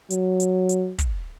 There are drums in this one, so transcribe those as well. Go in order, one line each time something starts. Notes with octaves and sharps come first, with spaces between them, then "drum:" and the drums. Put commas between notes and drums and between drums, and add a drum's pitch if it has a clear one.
F#3, drum: hi-hat
drum: hi-hat
drum: hi-hat
drum: kick, hi-hat